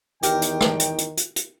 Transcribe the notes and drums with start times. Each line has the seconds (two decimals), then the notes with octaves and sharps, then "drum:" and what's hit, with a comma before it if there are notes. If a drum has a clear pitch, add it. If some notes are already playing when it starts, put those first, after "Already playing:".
0.23 E2 D#3 G4 A#4 G5, drum: hi-hat
0.42 drum: hi-hat
0.61 drum: rim click
0.80 drum: hi-hat
0.98 drum: hi-hat
1.17 drum: hi-hat
1.36 drum: hi-hat